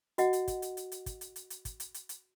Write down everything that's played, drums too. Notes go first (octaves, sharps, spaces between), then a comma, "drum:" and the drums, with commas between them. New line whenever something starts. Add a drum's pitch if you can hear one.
F#4 D#5 F#5, drum: hi-hat
drum: hi-hat
drum: kick, hi-hat
drum: hi-hat
drum: hi-hat
drum: hi-hat
drum: kick, hi-hat
drum: hi-hat
drum: hi-hat
drum: hi-hat
drum: kick, hi-hat
drum: hi-hat
drum: hi-hat
drum: hi-hat